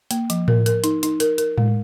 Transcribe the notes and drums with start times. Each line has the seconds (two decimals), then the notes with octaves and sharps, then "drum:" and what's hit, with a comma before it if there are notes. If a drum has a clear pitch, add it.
0.11 A#3, drum: hi-hat
0.30 F3, drum: hi-hat
0.48 A#4, drum: tom A2
0.66 A#4, drum: hi-hat
0.84 D#4, drum: hi-hat
1.03 D#4, drum: hi-hat
1.20 A#4, drum: hi-hat
1.38 A#4, drum: hi-hat
1.58 G#3, drum: tom A2